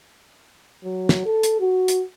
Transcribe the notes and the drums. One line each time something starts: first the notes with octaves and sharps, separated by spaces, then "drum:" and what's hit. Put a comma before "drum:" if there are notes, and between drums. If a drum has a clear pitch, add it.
F#3
drum: snare
A4
drum: hi-hat
F#4
drum: hi-hat